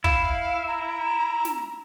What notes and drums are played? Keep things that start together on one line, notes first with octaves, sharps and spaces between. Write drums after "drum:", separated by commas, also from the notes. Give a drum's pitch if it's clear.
E4 F5, drum: kick
A#5
drum: snare